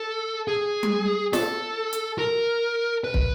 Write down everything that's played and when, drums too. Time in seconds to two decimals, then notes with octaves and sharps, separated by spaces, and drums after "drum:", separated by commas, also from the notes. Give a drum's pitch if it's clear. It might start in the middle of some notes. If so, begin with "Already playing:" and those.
Already playing: A4
0.48 G#4
0.83 drum: tom G3
1.33 A4, drum: snare
1.93 drum: hi-hat
2.19 A#4
3.04 B4
3.14 drum: kick